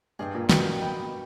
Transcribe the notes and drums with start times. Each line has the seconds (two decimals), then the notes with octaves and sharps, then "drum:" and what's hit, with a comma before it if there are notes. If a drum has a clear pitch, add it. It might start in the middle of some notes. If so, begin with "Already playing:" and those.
0.19 G2 G#4 D#5 G5
0.35 A#2
0.49 B2 G#4 D#5 G5, drum: snare
0.80 B4 D#5 G5 B5